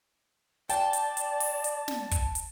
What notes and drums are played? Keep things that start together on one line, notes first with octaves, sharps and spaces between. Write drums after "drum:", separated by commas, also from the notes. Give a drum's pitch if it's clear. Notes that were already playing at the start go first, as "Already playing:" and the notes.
D5 G5 A5, drum: hi-hat
drum: hi-hat
drum: hi-hat
drum: open hi-hat
drum: hi-hat
drum: snare
drum: kick, hi-hat
drum: hi-hat